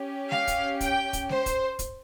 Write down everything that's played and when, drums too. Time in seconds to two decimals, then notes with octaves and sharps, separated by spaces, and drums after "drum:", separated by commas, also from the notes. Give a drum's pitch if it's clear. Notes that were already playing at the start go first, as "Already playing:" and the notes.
Already playing: C#4 G4
0.31 F5, drum: snare G#3
0.47 drum: kick, hi-hat
0.80 G5, drum: kick, hi-hat
1.13 drum: kick, hi-hat
1.29 C5, drum: snare G#3
1.46 drum: kick, hi-hat
1.79 drum: kick, hi-hat